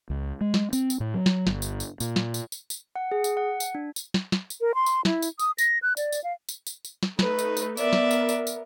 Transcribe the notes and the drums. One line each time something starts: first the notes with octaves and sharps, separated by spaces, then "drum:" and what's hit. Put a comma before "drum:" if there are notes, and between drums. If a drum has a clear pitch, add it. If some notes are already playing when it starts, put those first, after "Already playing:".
C#2
G#3
drum: snare
C4, drum: tambourine
drum: tambourine
A2
F#3
drum: snare
G1, drum: snare
drum: tambourine
drum: tambourine
A#2, drum: tambourine
drum: snare
drum: tambourine
drum: tambourine
drum: tambourine
F#5
G#4
drum: tambourine
F#5
drum: tambourine
D4
drum: tambourine
drum: snare
drum: snare
drum: tambourine
A#4
C6
drum: tambourine
E4, drum: snare
drum: tambourine
D#6, drum: tambourine
A#6, drum: tambourine
F#6
D5, drum: tambourine
drum: tambourine
F5
drum: tambourine
drum: tambourine
drum: tambourine
drum: snare
A3 D#4 B4, drum: snare
drum: tambourine
drum: tambourine
B3 A#4 D5 E5, drum: tambourine
drum: snare
drum: tambourine
drum: tambourine
drum: tambourine